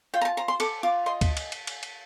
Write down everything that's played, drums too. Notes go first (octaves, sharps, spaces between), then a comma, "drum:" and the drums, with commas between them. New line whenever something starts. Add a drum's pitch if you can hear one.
F4 G5
A#5
A5
C5 A#5
C6
A4 D6, drum: cymbal
F4 D6
D#5 C6
drum: kick, cymbal
drum: cymbal
drum: cymbal
drum: cymbal
drum: cymbal